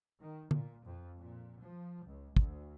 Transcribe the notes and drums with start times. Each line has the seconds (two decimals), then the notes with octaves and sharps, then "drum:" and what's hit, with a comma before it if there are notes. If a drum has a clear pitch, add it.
0.19 D#3
0.51 A#2, drum: tom D3
0.84 F2
1.18 A#2
1.61 F3
2.04 C#2
2.36 D2, drum: kick